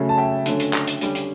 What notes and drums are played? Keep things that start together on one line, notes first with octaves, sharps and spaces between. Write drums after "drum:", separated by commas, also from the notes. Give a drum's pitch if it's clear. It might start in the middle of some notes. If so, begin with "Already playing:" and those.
Already playing: C#3 F#3 A3 C#4
A5
E5 G5
D3 F#3 A3 C#4, drum: hi-hat
drum: hi-hat
drum: clap
drum: hi-hat
D3 G3 C#4, drum: hi-hat
drum: hi-hat